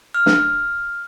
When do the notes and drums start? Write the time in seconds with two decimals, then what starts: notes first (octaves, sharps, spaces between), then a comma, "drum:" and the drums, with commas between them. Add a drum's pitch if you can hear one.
0.14 F6
0.26 drum: snare